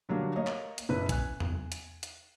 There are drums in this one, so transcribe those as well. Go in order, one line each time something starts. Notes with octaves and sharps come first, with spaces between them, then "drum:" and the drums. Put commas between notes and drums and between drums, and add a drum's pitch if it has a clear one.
D3 F#3 G3 A#3 D4
A#3 C#5 D#5
drum: clap
drum: hi-hat
F#1 B2 E4 B4
G#5 F#6, drum: kick B1, hi-hat
drum: tom E2
drum: hi-hat
drum: hi-hat